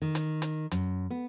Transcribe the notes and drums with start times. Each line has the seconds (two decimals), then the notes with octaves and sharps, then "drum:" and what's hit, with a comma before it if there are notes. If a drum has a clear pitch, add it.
0.02 D#3
0.15 drum: hi-hat
0.42 drum: hi-hat
0.71 F#2, drum: hi-hat
1.11 B3